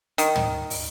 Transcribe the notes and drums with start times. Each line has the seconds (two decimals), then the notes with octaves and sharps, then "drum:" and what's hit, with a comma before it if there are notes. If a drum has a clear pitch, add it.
0.18 D#3, drum: hi-hat
0.36 drum: tom
0.70 drum: open hi-hat